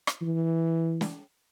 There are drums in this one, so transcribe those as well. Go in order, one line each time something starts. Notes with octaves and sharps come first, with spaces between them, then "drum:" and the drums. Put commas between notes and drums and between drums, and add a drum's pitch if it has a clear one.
drum: rim click
E3
drum: snare